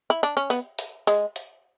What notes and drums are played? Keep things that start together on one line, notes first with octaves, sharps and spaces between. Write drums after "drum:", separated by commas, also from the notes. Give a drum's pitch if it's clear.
E4
D4
C#4
B3, drum: hi-hat
drum: hi-hat
G#3, drum: hi-hat
drum: hi-hat